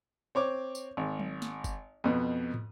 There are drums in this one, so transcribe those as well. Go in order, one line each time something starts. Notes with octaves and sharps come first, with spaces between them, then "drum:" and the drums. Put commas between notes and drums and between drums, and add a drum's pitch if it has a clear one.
C4 C#5 D6
drum: tambourine
G#1
drum: tom F#3
drum: snare
drum: kick F#1, tambourine
F2 B2
drum: tom